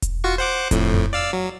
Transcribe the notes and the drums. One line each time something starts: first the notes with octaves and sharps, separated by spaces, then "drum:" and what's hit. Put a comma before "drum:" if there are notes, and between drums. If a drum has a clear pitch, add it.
drum: kick E1, hi-hat
F4 F#4 C#6
C5 F#5 D6
F2 A2, drum: kick E1, hi-hat
drum: tom F2
D5 F5 E6
F#3